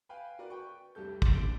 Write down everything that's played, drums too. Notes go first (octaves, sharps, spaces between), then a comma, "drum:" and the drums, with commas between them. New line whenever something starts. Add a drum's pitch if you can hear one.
B4 F5 G5 G#5 B5
F#4 A#4 B4 D5
B4 G5 C#6
F1 C2 G2 G4 A4 G6
C6 D6 A6, drum: kick
D1 D#2 D3 D7 G7